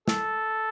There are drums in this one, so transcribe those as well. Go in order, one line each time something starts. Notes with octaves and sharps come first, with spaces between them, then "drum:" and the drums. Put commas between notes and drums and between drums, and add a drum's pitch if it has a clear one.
A4, drum: snare